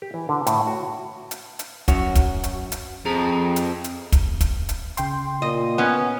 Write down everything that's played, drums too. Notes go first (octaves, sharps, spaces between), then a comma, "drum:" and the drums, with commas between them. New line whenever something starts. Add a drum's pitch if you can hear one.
G4
E3
D3
A2, drum: hi-hat
F#4
drum: hi-hat
drum: hi-hat
F#2 F#4 C#5, drum: kick, hi-hat
drum: kick, hi-hat
drum: hi-hat
drum: hi-hat
F2 G#4 A#5
drum: hi-hat
drum: hi-hat
drum: kick, hi-hat
drum: kick, hi-hat
drum: hi-hat
C#3 G5 C6, drum: hi-hat
A#2 D#5
B3 C#4